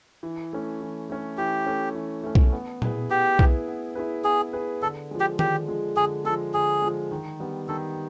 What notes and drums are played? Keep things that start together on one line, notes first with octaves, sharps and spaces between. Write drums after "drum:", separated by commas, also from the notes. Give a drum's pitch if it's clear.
E3
A3 C#4
E3
A3 C#4
E3 G4
A3 C#4
E3
A3 C#4
drum: kick B1
B3
E4 G#4 B4, drum: tom
B3 G4
E4 G#4 B4, drum: kick B1
B3
E4 G#4 B4
B3 G#4
E4 G#4 B4
D3 A4
F3 G#3
G4
D3 G4, drum: tom D#3
F3 G#3
D3 G#4
G#3 A4
F3
D3 G#4
F3 G#3
D#3
G3 B3
D#3 A4